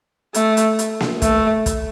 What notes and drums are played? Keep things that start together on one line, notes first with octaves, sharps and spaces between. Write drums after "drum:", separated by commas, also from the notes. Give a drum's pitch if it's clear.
A3, drum: hi-hat
drum: hi-hat
drum: hi-hat
drum: snare A#3
A3, drum: kick, hi-hat
drum: kick, hi-hat